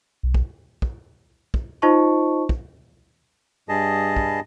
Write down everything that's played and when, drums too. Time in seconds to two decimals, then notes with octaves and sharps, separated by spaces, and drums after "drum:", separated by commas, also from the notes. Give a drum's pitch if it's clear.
0.23 B1
0.34 drum: kick
0.82 drum: kick
1.54 drum: kick
1.82 D#4 F4 C5 D#5 A5 C#6
2.49 drum: kick
3.69 G2 G3 G#4 D#5 A5
4.16 drum: kick